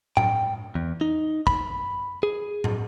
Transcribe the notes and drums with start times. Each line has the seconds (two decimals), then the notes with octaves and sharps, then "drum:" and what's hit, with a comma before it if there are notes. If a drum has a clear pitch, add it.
0.17 G5, drum: tom A2
0.75 E2
1.01 D#4
1.47 B5, drum: kick
2.23 G#4
2.64 drum: tom A2